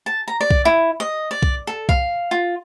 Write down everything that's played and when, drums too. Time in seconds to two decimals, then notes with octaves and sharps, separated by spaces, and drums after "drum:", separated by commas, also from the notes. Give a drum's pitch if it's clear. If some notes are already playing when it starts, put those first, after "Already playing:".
0.06 A5
0.28 A#5
0.41 D5
0.51 drum: kick
0.65 E4
1.00 D#5
1.31 D5
1.43 drum: kick
1.67 A4
1.89 F5, drum: kick
2.31 F4